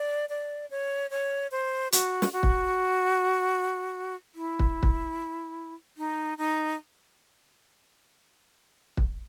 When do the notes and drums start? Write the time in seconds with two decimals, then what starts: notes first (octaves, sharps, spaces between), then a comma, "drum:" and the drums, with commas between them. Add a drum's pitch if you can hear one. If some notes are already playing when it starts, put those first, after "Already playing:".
Already playing: D5
0.29 D5
0.71 C#5
1.11 C#5
1.51 C5
1.92 F#4, drum: hi-hat
2.22 drum: snare
2.33 F#4
2.43 drum: kick
4.35 E4
4.59 drum: kick
4.83 drum: kick
5.97 D#4
6.38 D#4
8.97 drum: kick